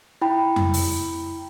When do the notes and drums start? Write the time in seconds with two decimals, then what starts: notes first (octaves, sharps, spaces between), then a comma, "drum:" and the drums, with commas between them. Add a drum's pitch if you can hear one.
0.22 E4 G5 B5
0.56 drum: tom F2
0.74 drum: open hi-hat